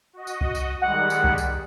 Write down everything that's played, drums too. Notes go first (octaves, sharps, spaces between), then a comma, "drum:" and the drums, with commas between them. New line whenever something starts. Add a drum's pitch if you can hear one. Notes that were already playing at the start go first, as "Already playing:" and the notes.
F#4 D#5
drum: tambourine
drum: kick C2
drum: tambourine
D#3 G3 G#3 F#5
drum: tambourine
drum: kick C2
drum: tambourine